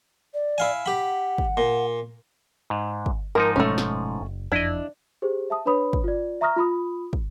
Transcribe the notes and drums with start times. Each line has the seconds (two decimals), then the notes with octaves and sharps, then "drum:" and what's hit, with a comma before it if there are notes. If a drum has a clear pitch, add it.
0.34 D5
0.58 E4 F5 G#5
0.86 G4 F#5 B5
1.38 drum: kick
1.57 A#2
2.70 G#2
3.06 drum: kick
3.35 G#2 F3 D#4 A#4
3.56 F#1 B2 G#3 A3 C#4
3.78 drum: snare
4.21 F#1
4.52 F#1 F2 D4 E4 D#5
5.22 G4 G#4 C5
5.50 E5 A5 D#6
5.65 D4 B4 C#5 B5 D#6
5.93 drum: kick
6.04 F4 D5
6.41 E5 A#5 C#6 D#6 F6 A#6
6.56 F4 B5 D#6
7.13 drum: kick